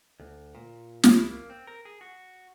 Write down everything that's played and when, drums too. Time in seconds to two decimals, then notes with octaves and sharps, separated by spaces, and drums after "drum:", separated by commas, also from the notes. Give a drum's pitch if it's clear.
0.20 D2
0.55 A#2
1.04 E4, drum: snare
1.30 A#3
1.50 C4
1.67 A#4
1.85 G#4
2.01 F#4